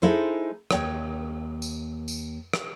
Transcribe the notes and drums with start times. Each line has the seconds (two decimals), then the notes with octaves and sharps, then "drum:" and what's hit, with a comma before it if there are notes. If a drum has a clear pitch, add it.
0.02 G#3 D#4 E4 A4 C5
0.71 D#2 C#5 G5, drum: rim click
1.62 drum: tambourine
2.08 drum: tambourine
2.53 drum: rim click